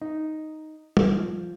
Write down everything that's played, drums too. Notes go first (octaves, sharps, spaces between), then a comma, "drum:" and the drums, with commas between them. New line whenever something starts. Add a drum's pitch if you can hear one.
D#4
drum: tom
F3